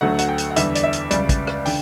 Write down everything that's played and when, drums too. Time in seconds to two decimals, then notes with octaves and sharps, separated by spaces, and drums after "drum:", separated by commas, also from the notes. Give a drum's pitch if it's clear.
0.01 D2 D3 F#3 A3 F#5
0.19 F#5, drum: hi-hat
0.29 G5
0.38 drum: hi-hat
0.51 F#5
0.56 E2 D3 G3 E5, drum: hi-hat
0.75 D5, drum: hi-hat
0.83 E5
0.93 drum: hi-hat
1.11 C#2 C#3 G3 D5, drum: hi-hat
1.29 drum: kick, hi-hat
1.47 drum: rim click
1.66 D3 G5, drum: open hi-hat